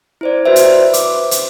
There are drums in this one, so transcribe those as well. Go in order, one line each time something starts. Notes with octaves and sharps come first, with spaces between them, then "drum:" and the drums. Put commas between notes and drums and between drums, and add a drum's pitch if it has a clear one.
E4 C5 D5
F#4 B4 C5 E5
drum: hi-hat
D6, drum: hi-hat
drum: hi-hat